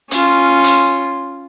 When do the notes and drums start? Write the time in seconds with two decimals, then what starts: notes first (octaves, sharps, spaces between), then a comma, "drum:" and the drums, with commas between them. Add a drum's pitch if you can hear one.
0.11 C#4 F4, drum: hi-hat
0.64 drum: hi-hat